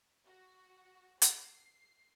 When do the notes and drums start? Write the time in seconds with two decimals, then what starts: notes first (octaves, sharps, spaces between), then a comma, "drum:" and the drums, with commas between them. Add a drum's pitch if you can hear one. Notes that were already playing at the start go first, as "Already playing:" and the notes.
0.25 F#4
1.22 C7, drum: hi-hat